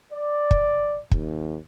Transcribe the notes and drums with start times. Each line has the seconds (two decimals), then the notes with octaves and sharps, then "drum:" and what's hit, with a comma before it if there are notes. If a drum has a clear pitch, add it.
0.12 D5
0.51 drum: kick
1.11 D#2, drum: kick